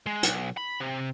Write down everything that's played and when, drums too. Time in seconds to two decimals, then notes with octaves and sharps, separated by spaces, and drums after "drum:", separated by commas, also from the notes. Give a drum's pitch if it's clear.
0.07 G#3
0.23 B1, drum: hi-hat
0.57 B5
0.80 C3